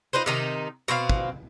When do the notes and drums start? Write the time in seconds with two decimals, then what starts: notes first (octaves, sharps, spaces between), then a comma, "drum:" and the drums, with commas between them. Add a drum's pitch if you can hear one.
0.13 D#4 F4 B4 C5
0.26 C3 D#3 D#4
0.88 B2 C4 E4 F5
1.09 drum: kick